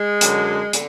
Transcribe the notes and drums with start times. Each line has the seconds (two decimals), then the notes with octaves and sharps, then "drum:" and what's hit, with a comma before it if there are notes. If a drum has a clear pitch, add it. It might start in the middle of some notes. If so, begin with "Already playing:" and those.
Already playing: G#3
0.21 F#2 D3 F#3, drum: hi-hat
0.73 D3, drum: hi-hat